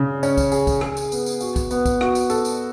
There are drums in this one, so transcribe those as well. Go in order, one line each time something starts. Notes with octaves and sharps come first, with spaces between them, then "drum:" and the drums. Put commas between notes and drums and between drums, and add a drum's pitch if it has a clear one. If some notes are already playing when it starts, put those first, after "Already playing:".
Already playing: C#3
C#4, drum: tambourine
drum: kick, tambourine
G#4, drum: tambourine
drum: kick, tambourine
G#4, drum: rim click
drum: tambourine
B3, drum: tambourine
drum: tambourine
F#4, drum: tambourine
drum: kick, tambourine
B3, drum: tambourine
drum: kick, tambourine
F#4, drum: rim click
drum: tambourine
A4, drum: tambourine
drum: tambourine